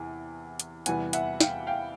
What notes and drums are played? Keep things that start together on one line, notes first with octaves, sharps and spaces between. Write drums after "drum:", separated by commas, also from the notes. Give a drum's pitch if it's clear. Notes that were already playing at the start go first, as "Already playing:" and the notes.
Already playing: E2 C3 G#5
drum: hi-hat
E2 C3 E3 G3 B3 F#5 G#5, drum: hi-hat
E5 F#5, drum: hi-hat
F5 G5, drum: snare
F5 G5